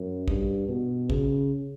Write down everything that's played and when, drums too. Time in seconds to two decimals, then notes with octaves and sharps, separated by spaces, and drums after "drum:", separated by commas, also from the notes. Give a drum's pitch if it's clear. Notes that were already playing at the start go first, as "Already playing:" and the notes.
Already playing: F#2
0.28 G2, drum: kick
0.68 B2
1.10 C#3, drum: kick